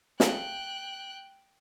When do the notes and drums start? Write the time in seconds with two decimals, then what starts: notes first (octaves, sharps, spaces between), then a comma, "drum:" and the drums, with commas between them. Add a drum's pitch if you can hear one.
0.20 A3 G#4 F5 G5 F#6, drum: snare